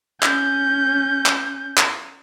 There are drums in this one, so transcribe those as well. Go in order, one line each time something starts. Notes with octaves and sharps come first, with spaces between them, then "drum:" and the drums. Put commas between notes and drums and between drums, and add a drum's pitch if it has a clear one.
C#4 G6, drum: clap
drum: clap
drum: clap